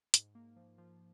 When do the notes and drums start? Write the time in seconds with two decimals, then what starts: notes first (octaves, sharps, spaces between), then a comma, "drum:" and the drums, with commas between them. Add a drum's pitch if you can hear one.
0.14 G#2, drum: hi-hat
0.35 A#3
0.56 F3
0.78 F3